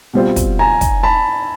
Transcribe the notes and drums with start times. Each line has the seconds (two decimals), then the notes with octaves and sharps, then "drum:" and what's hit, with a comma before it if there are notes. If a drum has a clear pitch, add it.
0.13 B2 G3 C4 F4
0.36 drum: kick, hi-hat
0.59 G#5 A#5
0.81 drum: kick, hi-hat
1.03 A5 B5